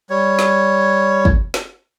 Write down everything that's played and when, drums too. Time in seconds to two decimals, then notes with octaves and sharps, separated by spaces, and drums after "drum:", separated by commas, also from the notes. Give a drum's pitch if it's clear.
0.10 G3 C#5
0.39 drum: snare
1.25 drum: kick
1.54 drum: snare